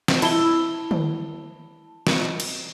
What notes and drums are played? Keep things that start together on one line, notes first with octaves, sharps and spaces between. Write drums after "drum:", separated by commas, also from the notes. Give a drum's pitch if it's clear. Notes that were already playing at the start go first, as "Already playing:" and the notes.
drum: snare
E4 A5 G7, drum: cymbal
drum: tom
drum: snare
drum: cymbal